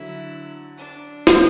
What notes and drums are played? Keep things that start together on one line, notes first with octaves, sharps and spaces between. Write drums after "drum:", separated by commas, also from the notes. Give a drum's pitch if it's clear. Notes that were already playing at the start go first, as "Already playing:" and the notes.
Already playing: D3 F#3 E4
D4
D3 F#3, drum: snare